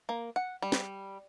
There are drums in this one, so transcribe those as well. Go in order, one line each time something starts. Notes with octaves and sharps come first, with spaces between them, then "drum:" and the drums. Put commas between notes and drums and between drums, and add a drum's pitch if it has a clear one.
A#3
F#5
G3
drum: snare